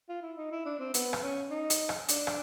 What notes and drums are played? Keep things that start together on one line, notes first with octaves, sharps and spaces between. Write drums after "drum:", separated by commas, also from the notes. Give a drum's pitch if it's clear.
F4
E4
D#4
E4
D4
C4
B3, drum: hi-hat
drum: rim click
C#4
D#4
drum: hi-hat
drum: rim click
D4, drum: hi-hat
drum: rim click